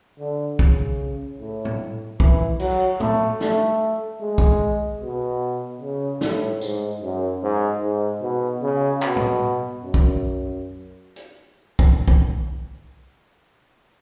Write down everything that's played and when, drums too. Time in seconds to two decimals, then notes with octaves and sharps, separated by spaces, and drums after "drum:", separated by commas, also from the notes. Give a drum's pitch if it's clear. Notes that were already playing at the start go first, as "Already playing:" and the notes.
0.19 D3
0.59 C#3, drum: kick
1.40 A2
1.65 drum: tom A2
2.20 E3, drum: kick
2.60 F#3, drum: cymbal
3.00 A3, drum: tom
3.40 A3, drum: snare
4.20 G#3
4.38 drum: kick
5.01 B2
5.81 C#3
6.21 A2, drum: snare
6.61 G#2, drum: tambourine
7.02 F#2
7.42 G#2
7.81 G#2
8.22 B2
8.62 C#3
9.02 B2, drum: clap
9.16 drum: tom A2
9.83 F#2
9.94 drum: kick
11.16 drum: hi-hat
11.79 drum: kick
12.08 drum: kick